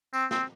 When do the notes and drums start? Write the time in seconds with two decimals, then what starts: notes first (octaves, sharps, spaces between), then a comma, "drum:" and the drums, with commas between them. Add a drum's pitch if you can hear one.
0.13 C4, drum: tambourine
0.31 C4, drum: snare